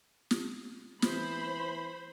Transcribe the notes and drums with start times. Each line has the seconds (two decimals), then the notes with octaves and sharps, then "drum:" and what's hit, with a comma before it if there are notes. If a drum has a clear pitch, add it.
0.31 drum: snare
1.02 E3 C5 B5, drum: snare